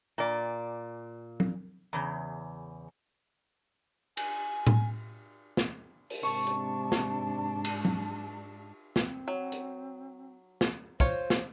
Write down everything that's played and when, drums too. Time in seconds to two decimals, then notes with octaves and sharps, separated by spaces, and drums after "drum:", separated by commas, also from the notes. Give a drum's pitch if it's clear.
0.18 A#2 D5
1.40 drum: tom F#3
1.93 E2 C#3
4.17 G#5, drum: cymbal
4.67 drum: tom A2
5.57 drum: snare
6.10 drum: open hi-hat
6.23 G#2 C3 D4 A5 C#6
6.47 drum: hi-hat
6.92 drum: snare
7.64 drum: cymbal
7.85 drum: tom F#3
8.96 C4, drum: snare
9.28 F#3
9.52 drum: hi-hat
10.61 drum: snare
11.00 F4 C5 C#5, drum: kick
11.30 drum: snare